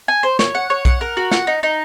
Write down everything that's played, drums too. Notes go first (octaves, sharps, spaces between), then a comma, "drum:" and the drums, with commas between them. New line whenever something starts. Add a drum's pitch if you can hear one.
G#5
C5
C#5, drum: snare
F#5
C#5
F#5, drum: kick B1, hi-hat
A#4
F#4
F#5, drum: snare
D#4
D#4